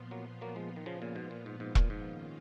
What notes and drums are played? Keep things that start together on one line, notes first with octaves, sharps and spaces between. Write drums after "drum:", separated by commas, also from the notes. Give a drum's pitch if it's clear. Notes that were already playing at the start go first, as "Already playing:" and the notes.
Already playing: A#2 F3 B3 F4
F#3 A#3
F#3 A#3
F3 G#3
D#3
C#3 F3
A#2 C#3
G#2 B2
A#2
G#2
G#2
A#2, drum: kick E1
G#2
D#3 A#3 C#4 F4